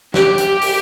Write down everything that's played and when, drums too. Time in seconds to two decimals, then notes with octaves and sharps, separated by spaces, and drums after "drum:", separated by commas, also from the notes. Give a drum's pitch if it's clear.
0.14 G4, drum: snare
0.38 drum: hi-hat
0.61 drum: open hi-hat